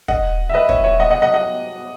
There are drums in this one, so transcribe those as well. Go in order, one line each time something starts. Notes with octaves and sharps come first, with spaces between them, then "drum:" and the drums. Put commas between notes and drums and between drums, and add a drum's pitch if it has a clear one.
D#5 F#5, drum: kick
E5
B4 D#5
C#5 E5, drum: kick
C#5 E5
D#5 F#5
D#5 F#5
D#5 F#5
D#5 F#5